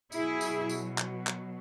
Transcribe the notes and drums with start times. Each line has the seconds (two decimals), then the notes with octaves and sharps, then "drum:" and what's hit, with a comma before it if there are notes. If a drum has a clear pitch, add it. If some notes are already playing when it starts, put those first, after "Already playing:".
0.12 B2 F#3 E4 G#4, drum: tambourine
0.41 drum: tambourine
0.69 drum: tambourine
0.98 drum: clap
1.27 drum: clap